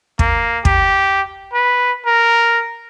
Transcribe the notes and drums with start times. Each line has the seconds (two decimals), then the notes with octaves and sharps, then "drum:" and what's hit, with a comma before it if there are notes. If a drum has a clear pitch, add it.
0.19 A#3, drum: kick
0.65 G4, drum: kick
1.53 B4
2.06 A#4